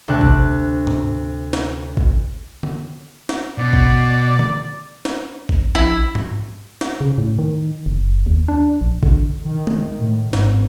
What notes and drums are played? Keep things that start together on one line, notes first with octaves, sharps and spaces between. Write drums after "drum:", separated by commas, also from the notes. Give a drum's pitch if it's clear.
D2 C3 D4 F#6
drum: kick
drum: tom G#2
drum: snare
drum: kick
drum: tom D3
drum: snare
B2 D5
drum: kick
drum: tom D3
drum: snare
drum: kick
A#1 E4
drum: tom G#2
drum: snare
C#3
A2
D#3
F#1
D#2
D4
A#1
D3, drum: kick
D#3
drum: tom G#3
A2
G#1, drum: snare